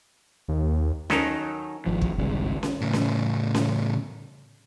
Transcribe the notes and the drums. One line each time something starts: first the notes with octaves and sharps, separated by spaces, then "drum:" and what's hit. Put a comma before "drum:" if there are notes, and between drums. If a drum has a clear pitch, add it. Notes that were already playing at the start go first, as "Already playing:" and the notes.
D#2
D#3 F#3 C#4 D#4 A4 A#4, drum: snare C#4
G#1 F3
drum: kick
G#1 C#2 G2 C3
drum: snare C#4
A2 C#3
drum: snare C#4
drum: snare C#4